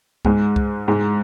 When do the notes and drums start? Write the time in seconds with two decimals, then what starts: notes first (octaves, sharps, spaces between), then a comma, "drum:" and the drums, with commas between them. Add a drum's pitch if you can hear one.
0.25 G#2 G#3, drum: kick C#2
0.56 drum: kick C#2
0.88 G#2 G#3